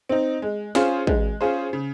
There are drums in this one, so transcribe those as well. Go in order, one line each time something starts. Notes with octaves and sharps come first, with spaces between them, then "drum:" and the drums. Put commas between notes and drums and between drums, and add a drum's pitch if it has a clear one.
C4 D#4
G#3
C#4 F4 G#4 C5, drum: snare
G#3, drum: kick
C#4 F4 G#4 C5
C#3